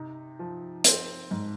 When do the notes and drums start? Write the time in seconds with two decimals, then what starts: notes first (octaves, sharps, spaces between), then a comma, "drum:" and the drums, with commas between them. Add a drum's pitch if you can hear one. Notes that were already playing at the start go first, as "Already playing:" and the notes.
Already playing: C3 D#4
0.39 F3
0.84 C4, drum: hi-hat
1.31 G#2